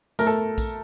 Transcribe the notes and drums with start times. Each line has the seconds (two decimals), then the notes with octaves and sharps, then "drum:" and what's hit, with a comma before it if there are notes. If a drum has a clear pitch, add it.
0.19 A3 A#4, drum: tambourine
0.27 A4
0.58 drum: kick A#1, tambourine